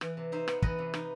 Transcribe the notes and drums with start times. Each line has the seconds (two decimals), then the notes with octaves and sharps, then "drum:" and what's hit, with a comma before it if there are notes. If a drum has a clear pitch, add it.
0.01 E3, drum: rim click
0.17 C3
0.32 D#4 C5 E5
0.48 B3, drum: rim click
0.62 E3 B4 D#5, drum: kick
0.79 C3
0.94 D#4, drum: rim click